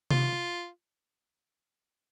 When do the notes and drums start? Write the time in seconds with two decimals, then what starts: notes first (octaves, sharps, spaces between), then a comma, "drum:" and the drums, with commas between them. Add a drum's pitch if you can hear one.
0.10 F4, drum: tom C3